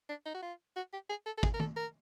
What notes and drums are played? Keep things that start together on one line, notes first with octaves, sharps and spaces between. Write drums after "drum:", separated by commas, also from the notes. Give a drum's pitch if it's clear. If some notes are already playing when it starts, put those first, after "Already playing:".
D4
D#4
F#4
F4
F#4
G4
G#4
A4
A4
G#4, drum: kick
A#4
A4, drum: tom
A#4